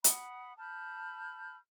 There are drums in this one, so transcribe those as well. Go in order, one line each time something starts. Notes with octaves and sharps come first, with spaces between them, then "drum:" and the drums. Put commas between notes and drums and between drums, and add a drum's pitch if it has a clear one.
F#5 B5 D#6, drum: hi-hat
A5 B5 F6 G6